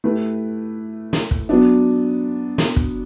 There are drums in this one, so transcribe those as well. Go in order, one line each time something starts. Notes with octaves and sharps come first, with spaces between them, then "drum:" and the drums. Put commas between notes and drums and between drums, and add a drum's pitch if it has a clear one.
A3 E4 G4 B4
drum: snare
drum: kick
F#3 B3 D4
drum: snare
drum: kick